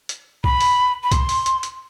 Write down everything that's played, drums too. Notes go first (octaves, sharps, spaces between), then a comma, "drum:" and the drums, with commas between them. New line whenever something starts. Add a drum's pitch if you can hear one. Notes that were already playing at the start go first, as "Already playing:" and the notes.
drum: hi-hat
B5, drum: kick C2
drum: open hi-hat
B5
C6, drum: kick C2, hi-hat
drum: open hi-hat
drum: hi-hat
drum: hi-hat